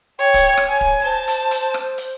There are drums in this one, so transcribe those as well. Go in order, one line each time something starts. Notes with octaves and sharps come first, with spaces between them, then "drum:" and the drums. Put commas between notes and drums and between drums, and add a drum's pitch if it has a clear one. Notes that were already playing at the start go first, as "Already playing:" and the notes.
C#5 G5
drum: kick, hi-hat
drum: rim click
C#5 G#5
drum: kick
C5 A5, drum: open hi-hat
drum: hi-hat
drum: hi-hat
drum: rim click
drum: hi-hat